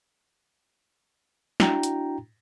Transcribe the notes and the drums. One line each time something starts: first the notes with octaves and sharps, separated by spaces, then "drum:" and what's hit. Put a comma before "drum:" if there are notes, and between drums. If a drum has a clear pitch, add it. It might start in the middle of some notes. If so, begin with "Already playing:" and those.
D4 E4 F#4 G5 A#5, drum: snare
drum: hi-hat